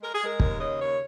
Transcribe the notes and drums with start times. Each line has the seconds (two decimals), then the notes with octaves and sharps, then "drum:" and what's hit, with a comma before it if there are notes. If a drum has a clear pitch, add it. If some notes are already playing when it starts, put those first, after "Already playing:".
0.02 G#3 A#4
0.13 G#4
0.21 G#3 A#4
0.40 D#2, drum: kick
0.59 C#3 D#5
0.79 D#2 C#5